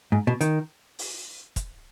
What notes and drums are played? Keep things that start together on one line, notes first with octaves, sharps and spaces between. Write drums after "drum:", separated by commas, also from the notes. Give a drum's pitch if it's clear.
G#2
B2
D#3, drum: hi-hat
drum: open hi-hat
drum: kick, hi-hat